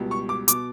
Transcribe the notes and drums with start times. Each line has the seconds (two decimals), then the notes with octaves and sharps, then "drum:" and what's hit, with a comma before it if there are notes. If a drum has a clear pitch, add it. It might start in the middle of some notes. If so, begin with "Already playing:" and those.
Already playing: C#2 B2 G3
0.11 C#6
0.29 D6
0.48 B2 D6, drum: hi-hat